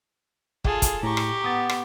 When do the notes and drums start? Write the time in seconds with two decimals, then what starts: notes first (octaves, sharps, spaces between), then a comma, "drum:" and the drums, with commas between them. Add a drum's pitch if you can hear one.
0.64 F4 G#4 A4, drum: kick
0.82 drum: kick, hi-hat
1.03 A2 G4 A#5 C#6
1.17 drum: rim click
1.44 B3 D#6 A6
1.69 drum: rim click